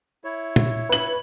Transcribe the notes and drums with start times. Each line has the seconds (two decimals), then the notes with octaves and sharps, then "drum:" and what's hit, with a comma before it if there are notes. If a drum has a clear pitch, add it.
0.24 E4 C#5
0.56 drum: tom
0.89 B4 F#7